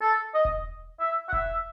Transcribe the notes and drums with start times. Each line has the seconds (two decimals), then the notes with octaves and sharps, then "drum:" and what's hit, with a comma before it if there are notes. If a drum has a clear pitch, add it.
0.01 A4
0.34 D#5
0.45 drum: kick E1
1.00 E5
1.29 F#5
1.33 E5, drum: kick E1